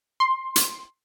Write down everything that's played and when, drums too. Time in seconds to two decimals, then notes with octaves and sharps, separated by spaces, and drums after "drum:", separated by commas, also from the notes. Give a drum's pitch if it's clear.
0.20 C6
0.56 drum: hi-hat